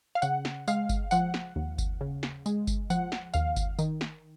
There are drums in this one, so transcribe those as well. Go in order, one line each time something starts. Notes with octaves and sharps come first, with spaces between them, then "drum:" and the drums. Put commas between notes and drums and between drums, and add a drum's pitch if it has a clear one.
F5
C#3 F#5, drum: tambourine
drum: snare
G#3 F5, drum: tambourine
drum: kick G1, tambourine
F3 F#5, drum: tambourine
drum: snare
D#2
drum: kick G1, tambourine
C#3
drum: snare
G#3, drum: tambourine
drum: kick G1, tambourine
F3 F#5, drum: tambourine
drum: snare
D#2 F5, drum: tambourine
drum: kick G1, tambourine
D#3, drum: tambourine
drum: snare